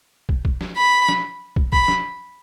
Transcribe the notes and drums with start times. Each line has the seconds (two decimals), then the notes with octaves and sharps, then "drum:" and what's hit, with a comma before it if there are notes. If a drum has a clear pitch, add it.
0.29 drum: kick
0.45 drum: kick
0.61 drum: snare
0.77 B5
1.09 drum: snare
1.56 drum: kick
1.73 B5, drum: kick
1.88 drum: snare